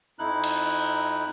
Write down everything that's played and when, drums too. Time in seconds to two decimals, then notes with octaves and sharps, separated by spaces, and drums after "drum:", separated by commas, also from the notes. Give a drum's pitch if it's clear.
0.19 F2 D#4 E4 F#6
0.44 drum: cymbal